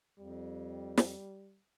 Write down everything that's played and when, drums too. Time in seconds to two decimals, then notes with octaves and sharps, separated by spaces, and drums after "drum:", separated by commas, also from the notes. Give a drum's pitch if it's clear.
0.19 F2 G3
0.97 drum: snare